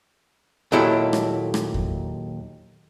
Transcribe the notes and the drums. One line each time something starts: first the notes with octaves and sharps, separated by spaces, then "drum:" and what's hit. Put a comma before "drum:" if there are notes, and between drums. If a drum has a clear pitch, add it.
D#2 A#2 F#3 E4 G4 A4
drum: rim click
drum: rim click
drum: kick E2